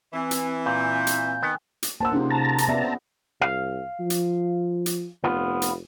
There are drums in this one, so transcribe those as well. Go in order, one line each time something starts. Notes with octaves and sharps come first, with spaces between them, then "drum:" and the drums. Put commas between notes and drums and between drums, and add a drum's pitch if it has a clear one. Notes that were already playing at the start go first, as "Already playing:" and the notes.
E3 C4 G#5 E6
drum: hi-hat
A#2 G6
drum: hi-hat
D#3 B3 G5 G#5
drum: hi-hat
A#3 C5 F#5 A5 E6
C3 C#4 D#4 F4 G#4 C5
A5 A#5
drum: hi-hat
B3 C#4 D5 E5 A#6
C4
C2 F5
F3
drum: hi-hat
drum: hi-hat
F1 B3 F4
drum: hi-hat